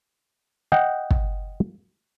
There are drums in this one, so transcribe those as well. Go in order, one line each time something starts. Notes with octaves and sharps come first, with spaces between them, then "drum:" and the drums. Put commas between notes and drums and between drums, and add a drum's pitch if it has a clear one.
D#5 F#5 G5
drum: kick